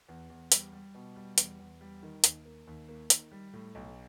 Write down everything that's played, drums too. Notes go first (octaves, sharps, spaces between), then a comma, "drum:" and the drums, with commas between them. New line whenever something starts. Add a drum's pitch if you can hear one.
E2
E2
G3, drum: hi-hat
G3
B2
G3
E2, drum: hi-hat
E2
G3
D#3
D#2, drum: hi-hat
A#3
D#2
A#3
D#3, drum: hi-hat
G3
A2
B1